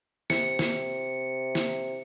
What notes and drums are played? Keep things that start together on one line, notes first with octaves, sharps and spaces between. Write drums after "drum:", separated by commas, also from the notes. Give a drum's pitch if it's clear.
C3 C#7, drum: snare
drum: snare
drum: snare